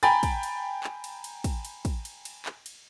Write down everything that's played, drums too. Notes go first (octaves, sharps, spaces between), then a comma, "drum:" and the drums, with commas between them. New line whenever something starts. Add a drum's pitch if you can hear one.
G5 G#5 A#5 B5 A6, drum: cymbal
drum: kick, cymbal
drum: cymbal
drum: clap
drum: cymbal
drum: cymbal
drum: kick, cymbal
drum: cymbal
drum: kick, cymbal
drum: cymbal
drum: cymbal
drum: clap
drum: cymbal